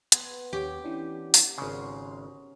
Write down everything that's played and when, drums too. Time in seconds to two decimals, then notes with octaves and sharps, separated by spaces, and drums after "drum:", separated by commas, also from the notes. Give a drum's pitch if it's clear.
0.12 B3 C6 G#6, drum: hi-hat
0.53 D#2 G4 C#5 D6
0.84 E3 C#4 D4
1.34 drum: open hi-hat
1.58 G#1 C#3 C#4 F#5 A#5 C6